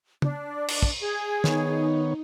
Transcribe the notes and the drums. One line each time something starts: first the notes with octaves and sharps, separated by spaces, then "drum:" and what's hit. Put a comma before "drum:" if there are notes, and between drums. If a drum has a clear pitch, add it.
D4, drum: tom
drum: cymbal
drum: kick
G#4
D#3 B3 D#4 C#5, drum: snare